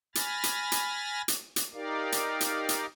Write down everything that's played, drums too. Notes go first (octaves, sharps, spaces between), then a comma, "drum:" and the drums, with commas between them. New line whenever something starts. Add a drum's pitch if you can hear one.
G#5 B5 F6 A6 A#6, drum: hi-hat
drum: hi-hat
drum: hi-hat
drum: hi-hat
drum: hi-hat
D#4 G4 A#4 D5 F5
drum: hi-hat
drum: hi-hat
drum: hi-hat